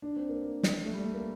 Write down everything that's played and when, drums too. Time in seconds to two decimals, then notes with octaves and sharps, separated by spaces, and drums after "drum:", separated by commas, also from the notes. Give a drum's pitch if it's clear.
0.02 D4
0.16 C4
0.29 A#3
0.43 A#3
0.63 drum: snare
0.83 A3
0.93 G3
1.04 A3
1.14 A#3